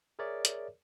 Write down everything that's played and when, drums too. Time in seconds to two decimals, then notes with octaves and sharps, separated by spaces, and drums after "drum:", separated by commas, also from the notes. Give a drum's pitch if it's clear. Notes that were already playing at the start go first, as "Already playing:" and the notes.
0.19 G#4 A#4 C#5 D5 E5
0.45 drum: hi-hat